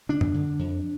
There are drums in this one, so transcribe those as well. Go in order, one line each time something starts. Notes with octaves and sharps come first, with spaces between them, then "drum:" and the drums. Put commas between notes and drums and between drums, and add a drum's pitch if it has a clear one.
D3 D4
drum: tom
D3
F2